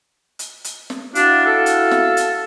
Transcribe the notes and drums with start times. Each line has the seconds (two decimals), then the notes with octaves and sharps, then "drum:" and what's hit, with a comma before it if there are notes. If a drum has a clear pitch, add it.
0.39 drum: hi-hat
0.64 drum: hi-hat
0.90 drum: snare
1.15 D4 E4 F#4 F5, drum: hi-hat
1.46 A4
1.66 drum: hi-hat
1.91 drum: snare
2.17 drum: hi-hat